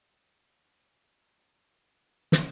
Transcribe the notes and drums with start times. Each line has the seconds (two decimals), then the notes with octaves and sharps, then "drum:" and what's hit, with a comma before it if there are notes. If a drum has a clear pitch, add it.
0.16 D#2 D#3 A#3 D4
1.60 G2 F3 A#3
2.32 drum: snare